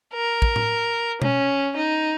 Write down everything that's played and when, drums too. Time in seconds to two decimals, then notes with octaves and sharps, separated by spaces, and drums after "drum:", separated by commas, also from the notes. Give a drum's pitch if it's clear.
0.14 A#4
0.42 drum: kick
0.56 drum: tom A2
1.22 C#4, drum: tom B2
1.76 D#4